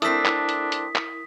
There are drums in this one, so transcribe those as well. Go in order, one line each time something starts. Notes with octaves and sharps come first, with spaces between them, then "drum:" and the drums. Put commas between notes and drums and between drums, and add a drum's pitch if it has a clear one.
A3 C4 D4 E4 A#4 D#6 B6, drum: hi-hat
drum: clap
drum: hi-hat
drum: hi-hat
drum: clap